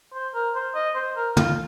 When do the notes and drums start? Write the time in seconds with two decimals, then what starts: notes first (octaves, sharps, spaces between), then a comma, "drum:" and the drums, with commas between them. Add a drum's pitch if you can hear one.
0.14 C5
0.34 A#4
0.55 C5
0.75 D#5
0.95 C5
1.17 A#4
1.37 F4, drum: tom